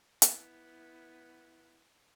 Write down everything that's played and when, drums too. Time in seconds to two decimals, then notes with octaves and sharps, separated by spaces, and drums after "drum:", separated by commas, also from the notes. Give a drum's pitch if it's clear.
0.22 B3 E4, drum: hi-hat